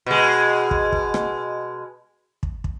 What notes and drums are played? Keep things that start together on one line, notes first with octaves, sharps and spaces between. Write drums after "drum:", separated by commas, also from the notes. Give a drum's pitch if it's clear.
B2 G#3
drum: kick
drum: kick
drum: rim click
drum: kick
drum: kick